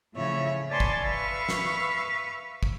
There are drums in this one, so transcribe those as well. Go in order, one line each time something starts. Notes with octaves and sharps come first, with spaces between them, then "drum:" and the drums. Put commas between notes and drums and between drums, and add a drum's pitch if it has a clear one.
A2 C#3 F3 E4 C#5 E5
B4 D5 G#5 A5 C6 C#6
drum: kick
B4 E5 F5 C#6
drum: snare
drum: kick